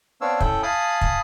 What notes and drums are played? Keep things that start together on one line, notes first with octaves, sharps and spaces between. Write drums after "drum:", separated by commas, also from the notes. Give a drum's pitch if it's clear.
B3 C4 D4 C#5 F5 E6
C#4 E4 A4 G5, drum: kick
F5 G#5 A5 B5 D#6
drum: kick